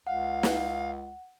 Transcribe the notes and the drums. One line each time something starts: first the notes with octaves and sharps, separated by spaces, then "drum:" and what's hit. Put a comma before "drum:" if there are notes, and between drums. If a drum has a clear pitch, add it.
C#2 F5 F#5
drum: snare